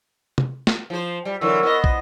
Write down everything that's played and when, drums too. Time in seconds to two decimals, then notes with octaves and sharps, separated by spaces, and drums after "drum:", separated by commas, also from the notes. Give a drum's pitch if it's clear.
0.38 drum: tom C3
0.67 drum: snare
0.90 F3 C5
1.25 G3
1.41 D3 E3 F#3 A#4 C#6 E6
1.63 B3 C5 D#5
1.84 drum: kick